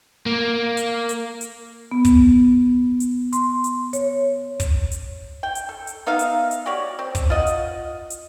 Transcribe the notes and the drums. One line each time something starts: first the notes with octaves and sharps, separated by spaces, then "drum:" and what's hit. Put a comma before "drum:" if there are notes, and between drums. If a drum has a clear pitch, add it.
A#3
drum: hi-hat
drum: hi-hat
drum: hi-hat
B3
drum: kick, hi-hat
drum: hi-hat
C6, drum: hi-hat
drum: hi-hat
C#5, drum: hi-hat
drum: kick, hi-hat
drum: hi-hat
G5
drum: hi-hat
A4
drum: hi-hat
B3 D#4 E5 F5
drum: hi-hat
drum: hi-hat
F#4 G4 C#5 D5
C4
drum: kick, hi-hat
F4 D#5 F#5
drum: hi-hat
drum: hi-hat